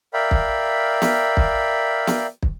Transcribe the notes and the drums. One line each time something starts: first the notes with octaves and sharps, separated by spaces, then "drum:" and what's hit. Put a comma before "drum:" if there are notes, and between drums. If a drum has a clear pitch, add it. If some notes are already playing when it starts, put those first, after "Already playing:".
A#4 D5 E5 F5 G5 B5
drum: kick
drum: snare B3
drum: kick
drum: snare B3
drum: kick